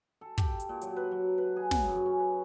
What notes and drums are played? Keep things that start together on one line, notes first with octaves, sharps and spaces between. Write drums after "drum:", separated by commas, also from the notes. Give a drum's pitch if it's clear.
A4
G4, drum: kick, hi-hat
drum: hi-hat
A#2
F#3, drum: hi-hat
B4
F#3
B4
G#4
F#3, drum: snare
F#2
C#4
B4